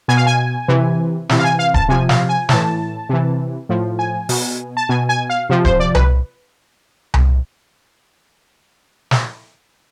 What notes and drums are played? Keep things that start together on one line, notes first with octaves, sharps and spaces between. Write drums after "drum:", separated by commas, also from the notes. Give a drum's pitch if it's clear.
B2 G#5
F5
G#5
C3 E3
C3 E3, drum: snare
F5
G#5
F5
A5, drum: kick D1
C3 F3 G#5
F5, drum: snare
G#5
A2 E3 A5, drum: snare
C3 E3
A2 F3
G#5
B2, drum: open hi-hat
A5
B2 G#5
G#5
F5
C3 F3
C5, drum: kick D1
D5
B4, drum: tom C2
drum: tom C2
drum: snare